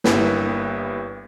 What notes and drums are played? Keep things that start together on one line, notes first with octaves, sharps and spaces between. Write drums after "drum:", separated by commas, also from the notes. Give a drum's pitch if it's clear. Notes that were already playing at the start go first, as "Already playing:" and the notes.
G1 G2 A#3 E4 B4 G5, drum: snare